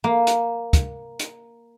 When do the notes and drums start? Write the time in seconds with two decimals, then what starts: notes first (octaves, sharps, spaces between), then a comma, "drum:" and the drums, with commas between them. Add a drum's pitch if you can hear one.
0.04 A#3
0.27 drum: hi-hat
0.73 drum: kick, hi-hat
1.19 drum: hi-hat